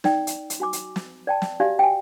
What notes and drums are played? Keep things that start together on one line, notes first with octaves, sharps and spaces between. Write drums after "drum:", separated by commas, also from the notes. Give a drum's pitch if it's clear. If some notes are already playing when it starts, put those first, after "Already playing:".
D#4 D5 G5, drum: snare
drum: hi-hat
drum: hi-hat
F#4 G#5 D6
drum: hi-hat
drum: snare
D5 G5 A5
drum: snare
F#4 G4 D5 F5 G#5
G5 G#5